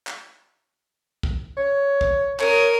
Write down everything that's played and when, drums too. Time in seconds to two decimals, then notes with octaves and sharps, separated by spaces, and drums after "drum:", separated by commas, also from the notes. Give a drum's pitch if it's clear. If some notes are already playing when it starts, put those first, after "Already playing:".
0.07 drum: clap
1.23 drum: kick
1.57 C#5
2.01 drum: kick
2.40 A#4 C#5 D#6, drum: clap